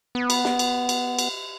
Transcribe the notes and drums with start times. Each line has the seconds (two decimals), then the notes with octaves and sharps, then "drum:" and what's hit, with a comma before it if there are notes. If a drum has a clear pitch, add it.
0.15 B3
0.30 drum: cymbal
0.45 drum: snare
0.59 drum: cymbal
0.89 drum: cymbal
1.19 drum: cymbal